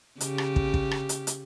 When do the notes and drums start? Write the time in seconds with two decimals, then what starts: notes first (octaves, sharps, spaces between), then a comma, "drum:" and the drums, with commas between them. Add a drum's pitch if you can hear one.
0.21 C#3 G4, drum: hi-hat
0.38 drum: rim click
0.56 drum: kick
0.74 drum: kick
0.91 drum: rim click
1.09 drum: hi-hat
1.27 drum: hi-hat